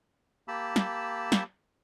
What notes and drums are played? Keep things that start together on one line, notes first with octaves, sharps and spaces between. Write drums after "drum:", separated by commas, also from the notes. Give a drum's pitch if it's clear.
A#3 G4 A5 B5 E6
drum: snare
drum: snare